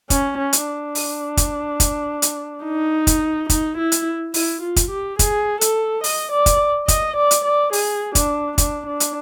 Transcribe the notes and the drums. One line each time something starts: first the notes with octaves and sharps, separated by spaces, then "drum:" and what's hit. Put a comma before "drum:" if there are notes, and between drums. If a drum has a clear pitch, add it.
C#4, drum: kick, hi-hat
C#4
drum: hi-hat
D4
drum: open hi-hat
drum: kick, hi-hat
drum: kick, hi-hat
drum: hi-hat
D#4
drum: kick, hi-hat
D#4, drum: kick, hi-hat
E4
drum: hi-hat
E4, drum: open hi-hat
F4
drum: kick, hi-hat
G4
G#4, drum: kick, hi-hat
A4, drum: hi-hat
D#5, drum: open hi-hat
D5
drum: kick, hi-hat
D#5, drum: kick, hi-hat
D5
drum: hi-hat
D5
G#4, drum: open hi-hat
D4, drum: kick, hi-hat
D4, drum: kick, hi-hat
D4
drum: hi-hat